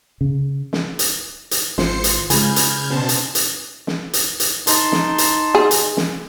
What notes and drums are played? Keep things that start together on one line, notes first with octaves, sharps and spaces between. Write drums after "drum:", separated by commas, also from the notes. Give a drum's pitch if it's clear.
C#3
drum: snare
drum: hi-hat
drum: hi-hat
G#1 F4 C5 C7 C#7, drum: snare
drum: hi-hat
C#3 G#3 F4 G#5 B5 F6 G6 G#6, drum: hi-hat
drum: hi-hat
B2 B3 C#4 D4 C5 A5
drum: hi-hat
drum: hi-hat
drum: snare
drum: hi-hat
drum: hi-hat
D#4 A5 C6, drum: hi-hat
drum: snare
drum: hi-hat
G#4
drum: hi-hat
drum: snare